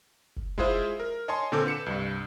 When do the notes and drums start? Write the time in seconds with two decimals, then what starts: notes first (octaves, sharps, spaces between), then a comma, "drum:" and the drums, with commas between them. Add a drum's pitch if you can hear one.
0.36 drum: kick
0.58 G#3 E4 F4 G#4 C5 E5, drum: kick
1.00 A#4
1.28 C#5 D#5 G#5 A5 C6
1.52 A#2 D3 C4 A4 D6 G6
1.66 B4 C#7 E7
1.86 C2 G2